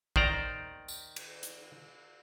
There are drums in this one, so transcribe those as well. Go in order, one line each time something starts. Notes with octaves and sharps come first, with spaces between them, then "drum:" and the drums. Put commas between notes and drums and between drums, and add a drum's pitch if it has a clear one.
D#3 C5 D5 A#5, drum: kick A#1
drum: tambourine
drum: cymbal
drum: hi-hat